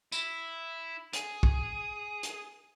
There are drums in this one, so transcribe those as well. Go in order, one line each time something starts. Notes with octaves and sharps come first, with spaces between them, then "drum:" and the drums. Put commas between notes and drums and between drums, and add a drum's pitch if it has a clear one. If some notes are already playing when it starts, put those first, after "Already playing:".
E4, drum: tambourine
G#4, drum: hi-hat
drum: kick
drum: hi-hat